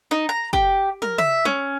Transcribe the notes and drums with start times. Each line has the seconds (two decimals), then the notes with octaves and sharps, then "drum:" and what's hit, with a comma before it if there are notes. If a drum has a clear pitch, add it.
0.11 D#4
0.29 A#5
0.53 G4, drum: kick
1.02 A#4, drum: tom
1.18 E5, drum: tom
1.45 C#4, drum: snare